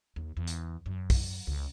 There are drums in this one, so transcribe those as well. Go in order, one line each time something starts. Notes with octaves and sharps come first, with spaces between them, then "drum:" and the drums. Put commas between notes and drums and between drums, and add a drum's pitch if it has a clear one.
D#2
E2
drum: hi-hat
F#2
drum: kick, open hi-hat
C#2